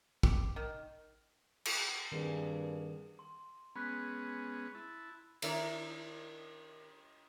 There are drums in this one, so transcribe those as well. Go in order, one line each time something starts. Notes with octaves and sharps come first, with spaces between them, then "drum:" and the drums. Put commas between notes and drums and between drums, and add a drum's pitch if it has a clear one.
G4, drum: kick
D#3
drum: cymbal
G2 D#3 C4 G#4
C6
G#3 B3 C#4 B5 F#6 B6
E4 A5
D#3 D4 E4 A#4 D5 A#5, drum: cymbal